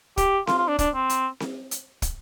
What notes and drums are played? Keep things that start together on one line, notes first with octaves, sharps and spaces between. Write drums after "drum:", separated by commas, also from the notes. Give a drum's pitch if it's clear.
G4, drum: kick, hi-hat
F4, drum: snare C4
F4
D4
D4, drum: kick, hi-hat
C4
drum: hi-hat
drum: snare C4
drum: hi-hat
drum: kick, hi-hat